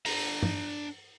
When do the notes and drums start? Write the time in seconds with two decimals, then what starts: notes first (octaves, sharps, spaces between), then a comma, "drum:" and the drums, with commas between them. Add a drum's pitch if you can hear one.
0.06 D4 A#5, drum: open hi-hat
0.42 drum: tom G2